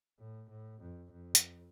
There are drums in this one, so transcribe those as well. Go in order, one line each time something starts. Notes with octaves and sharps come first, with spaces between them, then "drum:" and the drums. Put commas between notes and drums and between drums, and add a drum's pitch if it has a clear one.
A2
A2
F2
F2
drum: hi-hat